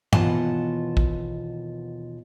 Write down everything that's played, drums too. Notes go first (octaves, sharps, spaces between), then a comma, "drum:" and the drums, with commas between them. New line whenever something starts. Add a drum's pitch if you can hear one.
D#2 B2 E3 F4 F#5 A5, drum: tom
drum: kick